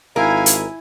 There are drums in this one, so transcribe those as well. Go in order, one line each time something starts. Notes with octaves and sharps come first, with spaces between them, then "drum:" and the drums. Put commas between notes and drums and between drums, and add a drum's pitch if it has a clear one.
G#1 E4 A#4 F5 G#5
drum: hi-hat